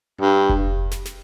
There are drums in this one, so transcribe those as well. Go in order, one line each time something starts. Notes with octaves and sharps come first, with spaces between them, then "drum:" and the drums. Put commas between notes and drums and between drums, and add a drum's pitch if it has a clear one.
G2
drum: kick F1
drum: snare
drum: snare